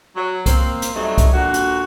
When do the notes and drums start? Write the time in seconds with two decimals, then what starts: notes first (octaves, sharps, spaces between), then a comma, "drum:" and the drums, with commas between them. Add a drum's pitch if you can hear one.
0.16 F#3
0.46 A#3 C4, drum: kick C2, hi-hat
0.82 drum: hi-hat
0.94 F#3 G3 A3 C4 D#4
1.18 drum: kick C2, hi-hat
1.32 A#2 D3 F#4
1.54 drum: hi-hat